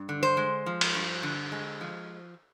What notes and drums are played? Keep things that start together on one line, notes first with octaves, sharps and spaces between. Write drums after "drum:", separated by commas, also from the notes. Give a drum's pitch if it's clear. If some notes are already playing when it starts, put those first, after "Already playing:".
Already playing: G2
D3
C5
G#3
F3
drum: cymbal
G2
D3
G#3
F3